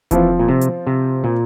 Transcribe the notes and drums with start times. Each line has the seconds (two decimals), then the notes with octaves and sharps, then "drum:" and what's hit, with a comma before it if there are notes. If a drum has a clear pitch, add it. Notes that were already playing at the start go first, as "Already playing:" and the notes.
0.11 E3 F3 C4 F4, drum: kick E1, hi-hat
0.39 A#2
0.49 C3
0.61 drum: hi-hat
0.87 C3
1.24 A#2